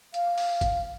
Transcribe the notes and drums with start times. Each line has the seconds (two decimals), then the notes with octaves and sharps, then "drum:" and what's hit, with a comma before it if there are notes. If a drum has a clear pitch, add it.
0.14 F5, drum: hi-hat
0.38 drum: open hi-hat
0.61 drum: kick G1, hi-hat